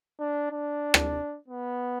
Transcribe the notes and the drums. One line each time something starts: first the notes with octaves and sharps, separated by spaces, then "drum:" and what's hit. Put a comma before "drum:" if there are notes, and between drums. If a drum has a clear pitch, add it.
D4
D4
drum: rim click
B3